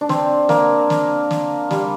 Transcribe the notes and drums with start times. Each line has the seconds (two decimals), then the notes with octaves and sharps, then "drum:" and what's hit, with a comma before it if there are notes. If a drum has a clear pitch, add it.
0.01 D4
0.09 C4, drum: snare
0.49 A#3, drum: snare
0.90 drum: snare
1.31 drum: snare
1.71 G3, drum: snare